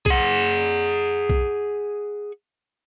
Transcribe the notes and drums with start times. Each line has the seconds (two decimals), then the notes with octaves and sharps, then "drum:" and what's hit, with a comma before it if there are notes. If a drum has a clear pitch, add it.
0.06 G#4 F#5, drum: kick B1
1.30 drum: kick B1